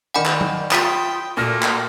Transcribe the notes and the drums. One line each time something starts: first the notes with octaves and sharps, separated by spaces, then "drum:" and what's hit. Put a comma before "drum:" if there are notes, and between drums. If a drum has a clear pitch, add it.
D#3 D5 F#5 G#5 B5
drum: clap
drum: tom
F4 G5 B5 D#6 B6, drum: clap
A#2 A3 F#4 F6 A#6
drum: clap